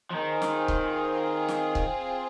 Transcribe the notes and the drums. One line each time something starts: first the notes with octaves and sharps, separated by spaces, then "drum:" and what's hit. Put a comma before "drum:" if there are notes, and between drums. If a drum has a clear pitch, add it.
F3
D#3 C4 F4 G#4
drum: snare
drum: kick C#1
drum: snare
drum: kick C#1